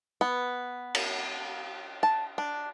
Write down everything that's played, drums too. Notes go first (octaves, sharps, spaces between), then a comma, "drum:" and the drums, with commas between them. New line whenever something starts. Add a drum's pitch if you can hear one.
B3
drum: cymbal
A5
D4